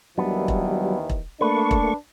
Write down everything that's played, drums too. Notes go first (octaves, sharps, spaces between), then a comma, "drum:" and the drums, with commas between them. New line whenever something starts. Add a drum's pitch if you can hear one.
D#2 D#3 E3 F#3 G3 B3 D4
drum: kick E1
drum: kick E1
A3 A#3 D4 B4 C#6
drum: kick E1